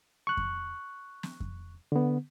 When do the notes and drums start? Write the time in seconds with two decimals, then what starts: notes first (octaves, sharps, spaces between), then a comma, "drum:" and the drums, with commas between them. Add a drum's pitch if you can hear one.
0.27 C#6 F#6
0.37 drum: kick F2
1.23 drum: snare
1.40 drum: kick F2
1.92 D3 B3